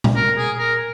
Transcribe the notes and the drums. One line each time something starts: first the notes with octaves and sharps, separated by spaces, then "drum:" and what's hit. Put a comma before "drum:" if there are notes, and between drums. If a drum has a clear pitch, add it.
drum: tom A#2
A#4
G#4
A#4